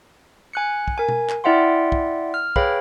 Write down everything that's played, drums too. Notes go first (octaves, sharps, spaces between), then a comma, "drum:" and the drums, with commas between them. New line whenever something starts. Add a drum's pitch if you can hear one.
G#5 F#6 C#7
drum: kick
A#4 G#5
drum: tom B2
drum: clap
E4 D5 E5 F#5 G5 C6
drum: kick
F6
G#4 B4 C#5 F5 G5 B5, drum: kick